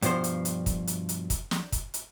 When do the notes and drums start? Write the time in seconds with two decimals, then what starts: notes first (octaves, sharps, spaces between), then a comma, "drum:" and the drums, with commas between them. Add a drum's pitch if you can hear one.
0.02 G2 B2 F3 C5, drum: hi-hat
0.24 drum: hi-hat
0.45 drum: hi-hat
0.66 drum: kick, hi-hat
0.87 drum: hi-hat
1.09 drum: hi-hat
1.30 drum: kick, hi-hat
1.51 drum: snare
1.72 drum: kick, hi-hat
1.94 drum: hi-hat